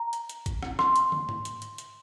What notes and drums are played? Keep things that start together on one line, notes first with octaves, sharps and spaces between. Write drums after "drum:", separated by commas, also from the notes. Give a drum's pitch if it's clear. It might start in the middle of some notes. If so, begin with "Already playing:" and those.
Already playing: A#5
drum: hi-hat
drum: hi-hat
drum: kick G#1, hi-hat
drum: rim click
C6, drum: rim click
drum: hi-hat
drum: tom
drum: tom G#2
drum: hi-hat
drum: hi-hat
drum: hi-hat